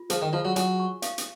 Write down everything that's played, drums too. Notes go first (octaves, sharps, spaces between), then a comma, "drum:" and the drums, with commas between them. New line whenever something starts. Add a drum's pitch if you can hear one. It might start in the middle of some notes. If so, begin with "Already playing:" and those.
Already playing: F4
F3 G#4, drum: hi-hat
D#3
F3 F4
F#3
F#3 G#5, drum: hi-hat
C#6
F5, drum: hi-hat
drum: hi-hat